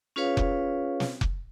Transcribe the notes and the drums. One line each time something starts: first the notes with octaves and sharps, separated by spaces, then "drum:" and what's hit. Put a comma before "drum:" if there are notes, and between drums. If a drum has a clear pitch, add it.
C#4 F4 G#4 B4 C#5 F5
drum: kick F1
drum: snare
drum: kick F1